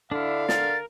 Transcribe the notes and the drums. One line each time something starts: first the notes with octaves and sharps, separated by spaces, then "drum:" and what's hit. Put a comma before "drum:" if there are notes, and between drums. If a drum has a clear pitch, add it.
D3 D4 E4 F5
A#4 A6, drum: snare